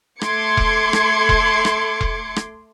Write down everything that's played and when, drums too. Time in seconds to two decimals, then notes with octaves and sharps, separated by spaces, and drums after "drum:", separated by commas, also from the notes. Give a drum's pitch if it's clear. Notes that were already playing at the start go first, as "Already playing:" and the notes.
0.21 A3 C6 D6 G#6 C#7, drum: rim click
0.57 drum: kick E1
0.93 drum: rim click
1.29 drum: kick E1
1.65 drum: rim click
2.01 drum: kick E1
2.36 drum: rim click